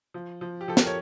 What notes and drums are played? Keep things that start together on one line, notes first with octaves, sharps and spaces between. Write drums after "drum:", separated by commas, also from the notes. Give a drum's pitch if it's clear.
F3
F3
G4
F3 A4
A#4, drum: snare
C#5